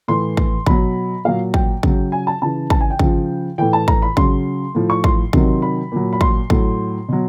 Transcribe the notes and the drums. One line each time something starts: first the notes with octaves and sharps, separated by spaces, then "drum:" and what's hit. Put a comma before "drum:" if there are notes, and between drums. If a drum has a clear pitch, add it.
A2 E3 C6
drum: kick
B2 F#3 B5, drum: kick
A#2 F#3 F5
G5, drum: kick
C#3 F#3, drum: kick
G#5
A5
C#3 E3 A5
A5, drum: kick
G#5
G5
C#3 F3, drum: kick
A2 E3 G5
A5
A#5, drum: kick
B5
C#3 F#3 C6, drum: kick
A2 F3
C#6
C6, drum: kick
C3 D#3 F#3, drum: kick
B5
A#2 F#3
B5
C6, drum: kick
A2 F#3, drum: kick
B2 F#3